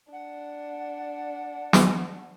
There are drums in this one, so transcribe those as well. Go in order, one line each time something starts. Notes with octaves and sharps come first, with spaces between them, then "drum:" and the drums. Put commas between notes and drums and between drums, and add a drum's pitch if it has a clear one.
D4 F#5
drum: snare